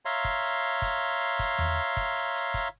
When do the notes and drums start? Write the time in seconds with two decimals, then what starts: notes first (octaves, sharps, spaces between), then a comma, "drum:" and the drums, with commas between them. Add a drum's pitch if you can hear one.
0.05 C#5 E5 F5 A#5 C6, drum: hi-hat
0.25 drum: kick, hi-hat
0.44 drum: hi-hat
0.82 drum: kick, hi-hat
1.20 drum: hi-hat
1.39 drum: kick, hi-hat
1.58 drum: tom E2
1.97 drum: kick, hi-hat
2.16 drum: hi-hat
2.35 drum: hi-hat
2.54 drum: kick, hi-hat